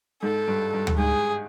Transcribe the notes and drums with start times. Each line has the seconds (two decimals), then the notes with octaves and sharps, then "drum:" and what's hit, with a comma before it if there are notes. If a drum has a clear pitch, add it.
0.23 G#2 A4
0.48 G2
0.74 G2
0.87 drum: tom D2
0.98 G#2 G#4